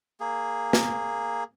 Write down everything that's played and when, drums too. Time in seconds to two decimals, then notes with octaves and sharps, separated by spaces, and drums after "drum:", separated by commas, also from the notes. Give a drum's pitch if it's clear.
0.20 A#3 G#4
0.73 drum: snare